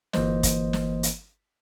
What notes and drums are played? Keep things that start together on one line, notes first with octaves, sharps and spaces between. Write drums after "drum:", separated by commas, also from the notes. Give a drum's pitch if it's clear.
G1 E3 A#3 C5 D#5, drum: snare
drum: kick, hi-hat
drum: snare
drum: hi-hat